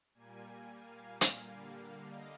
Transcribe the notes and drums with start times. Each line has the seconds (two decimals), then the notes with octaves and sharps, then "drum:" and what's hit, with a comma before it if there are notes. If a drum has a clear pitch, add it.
0.14 A#2 G3 A#3 G#5
0.78 F5
1.21 drum: hi-hat
1.42 D3 G3 A#3
2.06 D#5